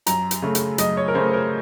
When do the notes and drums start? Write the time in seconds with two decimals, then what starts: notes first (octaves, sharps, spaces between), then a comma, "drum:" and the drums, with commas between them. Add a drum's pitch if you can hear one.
0.07 F#2 A#5, drum: hi-hat
0.31 drum: hi-hat
0.42 C#3 A3
0.55 drum: hi-hat
0.78 F#2 D#5, drum: hi-hat
0.97 C#5
1.08 A#4
1.14 C#3 A3 C5
1.33 A#4